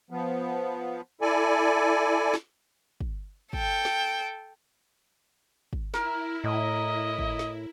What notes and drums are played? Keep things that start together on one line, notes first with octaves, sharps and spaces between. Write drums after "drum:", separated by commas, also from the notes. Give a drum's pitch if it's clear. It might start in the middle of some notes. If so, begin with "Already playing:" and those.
F3 B3
E4 A4 D5 G#5
drum: snare
drum: kick
A4 G5, drum: kick
drum: snare
drum: kick
E4 A#4 F6, drum: snare
A2 D#5
drum: kick
drum: snare